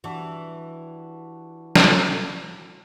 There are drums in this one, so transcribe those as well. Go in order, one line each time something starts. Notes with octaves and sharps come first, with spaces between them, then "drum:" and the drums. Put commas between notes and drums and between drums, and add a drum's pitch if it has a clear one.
E3 G3 D4 F#4
drum: snare